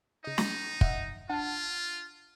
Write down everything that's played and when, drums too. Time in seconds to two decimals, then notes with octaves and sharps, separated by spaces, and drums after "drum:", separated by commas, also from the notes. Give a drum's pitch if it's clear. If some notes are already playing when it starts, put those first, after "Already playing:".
0.24 C#3 D#4 D#5
0.38 drum: snare
0.81 D#5 E5 F#5, drum: kick
1.29 D4 F4 F#5 A5